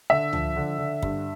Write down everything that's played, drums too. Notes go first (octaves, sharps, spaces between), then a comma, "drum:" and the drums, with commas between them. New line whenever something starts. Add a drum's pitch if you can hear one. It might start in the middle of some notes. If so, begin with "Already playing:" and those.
D3 E5
F3, drum: tom C#2
D3
D3
G2, drum: kick